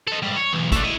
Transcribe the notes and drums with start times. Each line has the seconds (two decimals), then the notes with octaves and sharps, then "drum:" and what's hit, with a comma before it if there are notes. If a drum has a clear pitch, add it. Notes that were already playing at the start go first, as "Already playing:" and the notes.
0.08 A4 D#5
0.23 G#2 G3
0.36 C#5
0.53 B1 E2
0.72 A3 D4, drum: kick, hi-hat
0.84 E4 D#5